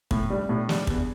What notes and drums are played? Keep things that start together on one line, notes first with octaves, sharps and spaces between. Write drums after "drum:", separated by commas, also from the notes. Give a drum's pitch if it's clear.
A2, drum: kick
G3 D4
A2
G3 D4, drum: snare
E2, drum: kick